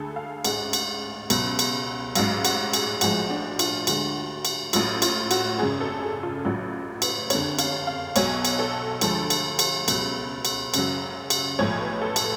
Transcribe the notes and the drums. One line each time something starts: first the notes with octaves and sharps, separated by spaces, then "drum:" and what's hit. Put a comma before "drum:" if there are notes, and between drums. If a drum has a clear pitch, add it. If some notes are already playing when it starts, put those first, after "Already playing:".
Already playing: D2 D3 G#4 A4
F5
A1 G#2 G#3 F#5, drum: cymbal
drum: cymbal
C#2 B2 F#3, drum: cymbal
drum: cymbal
A1 G#2 F#3 F5, drum: cymbal
F#4, drum: cymbal
G#4, drum: cymbal
B1 A2 F3 G#3 F#4, drum: cymbal
D4
F4, drum: cymbal
D2 D3 G#3 F#4, drum: cymbal
drum: cymbal
A1 A2 F#3 F4, drum: cymbal
F4, drum: cymbal
F#4, drum: cymbal
G#1 F#2 C#3 G#4
A4
G#4
F4
A1 A2 F#3 F4
B4, drum: cymbal
F#1 F2 D3 C#5, drum: cymbal
F5, drum: cymbal
F5
B1 B2 F#3 C#5, drum: cymbal
drum: cymbal
A4
D2 D3 F3 G#3 A4, drum: cymbal
drum: cymbal
drum: cymbal
C#2 B2 F#3, drum: cymbal
drum: cymbal
F#1 F#2 C#3 F#3, drum: cymbal
drum: cymbal
B1 A2 F3 C#5
B4
A4
drum: cymbal